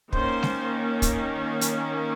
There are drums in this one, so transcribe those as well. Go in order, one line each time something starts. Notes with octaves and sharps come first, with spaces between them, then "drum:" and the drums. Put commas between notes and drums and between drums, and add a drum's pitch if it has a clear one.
D#3 A#3 C#4 C5, drum: kick
drum: snare G#3
drum: kick, hi-hat
drum: hi-hat